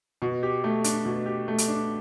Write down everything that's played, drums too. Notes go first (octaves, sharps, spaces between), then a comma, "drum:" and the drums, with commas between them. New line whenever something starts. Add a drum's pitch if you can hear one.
B2
G4
A3
D4, drum: hi-hat
B2
G4
A3
drum: hi-hat
D4